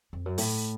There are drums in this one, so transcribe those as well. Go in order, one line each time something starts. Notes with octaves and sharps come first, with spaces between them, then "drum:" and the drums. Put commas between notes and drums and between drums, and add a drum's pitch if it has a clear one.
F2
F#2
A2, drum: open hi-hat